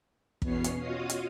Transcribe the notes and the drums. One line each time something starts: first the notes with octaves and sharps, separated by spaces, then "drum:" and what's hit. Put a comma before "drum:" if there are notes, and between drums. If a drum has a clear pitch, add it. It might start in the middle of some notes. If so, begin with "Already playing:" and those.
E2 B2 B3 C#4 C#5 C7, drum: kick
drum: hi-hat
F4 F#4 C#5 D#5 F5 D#6
drum: hi-hat